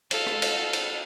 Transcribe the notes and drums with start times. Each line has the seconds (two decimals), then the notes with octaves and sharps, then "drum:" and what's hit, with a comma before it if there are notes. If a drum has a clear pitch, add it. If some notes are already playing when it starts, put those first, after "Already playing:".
0.11 A4 F5, drum: cymbal
0.26 drum: rim click
0.42 drum: cymbal
0.73 drum: cymbal